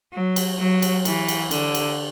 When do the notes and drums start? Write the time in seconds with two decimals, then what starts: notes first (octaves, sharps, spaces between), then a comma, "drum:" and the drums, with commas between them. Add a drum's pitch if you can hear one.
0.13 F#3
0.36 drum: cymbal
0.59 F#3
0.82 drum: cymbal
1.05 E3, drum: cymbal
1.28 drum: cymbal
1.51 D3, drum: cymbal
1.75 drum: cymbal